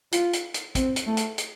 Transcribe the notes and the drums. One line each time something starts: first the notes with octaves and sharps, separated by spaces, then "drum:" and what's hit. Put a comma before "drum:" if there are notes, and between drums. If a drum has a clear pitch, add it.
F4, drum: hi-hat
drum: hi-hat
drum: hi-hat
C4, drum: kick, hi-hat
drum: hi-hat
A3
drum: hi-hat
drum: hi-hat